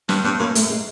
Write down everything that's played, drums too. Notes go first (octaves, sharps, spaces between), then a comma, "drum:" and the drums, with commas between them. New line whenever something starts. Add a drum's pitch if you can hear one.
G2 C4, drum: snare
G2 B3
F#2 A#3
A3, drum: hi-hat
G#3